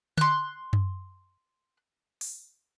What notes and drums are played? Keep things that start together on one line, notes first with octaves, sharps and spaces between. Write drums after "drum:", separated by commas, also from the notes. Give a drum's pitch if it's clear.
C6 F#6, drum: tom D3
drum: tom F#2
drum: open hi-hat